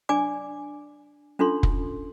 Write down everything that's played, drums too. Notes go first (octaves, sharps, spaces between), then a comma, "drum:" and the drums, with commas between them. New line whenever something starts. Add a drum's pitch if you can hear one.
D4 D5 G#5 D6
C#4 D4 F4 A4 C6
drum: kick